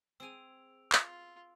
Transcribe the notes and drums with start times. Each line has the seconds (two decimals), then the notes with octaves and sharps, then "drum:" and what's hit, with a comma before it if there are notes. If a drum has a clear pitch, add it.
0.20 C4 G#4 G#5 E6 D7 F7
0.92 F4, drum: clap